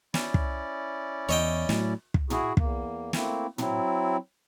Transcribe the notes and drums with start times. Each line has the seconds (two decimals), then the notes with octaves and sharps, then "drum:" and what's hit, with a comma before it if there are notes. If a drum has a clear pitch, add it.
0.14 C#4 E4 D5, drum: snare
0.34 drum: kick
1.29 E2 C#5 D#5 G5
1.69 A2 F#3, drum: snare
2.14 drum: kick
2.30 E4 F#4 G#4, drum: tom
2.57 E2 A#3, drum: kick
3.13 A3 A#3 C4 E4, drum: snare
3.58 F#3 C4 E4, drum: tom